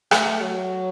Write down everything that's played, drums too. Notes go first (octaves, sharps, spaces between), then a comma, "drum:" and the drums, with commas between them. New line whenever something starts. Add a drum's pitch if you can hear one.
A3, drum: rim click
F#3